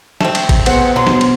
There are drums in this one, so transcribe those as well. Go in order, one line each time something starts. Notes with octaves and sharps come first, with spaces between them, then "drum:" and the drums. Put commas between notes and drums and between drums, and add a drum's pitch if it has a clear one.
A3 C4, drum: snare
drum: cymbal
drum: kick, cymbal
B3 G#4 C5 F#5, drum: cymbal
B2 F#3 C6
drum: snare
drum: cymbal